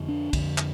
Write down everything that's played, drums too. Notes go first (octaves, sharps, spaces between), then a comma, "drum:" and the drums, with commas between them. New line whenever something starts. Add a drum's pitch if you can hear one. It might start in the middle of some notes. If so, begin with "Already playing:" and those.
Already playing: F2 D3
D4
F2 D3, drum: kick, cymbal
drum: clap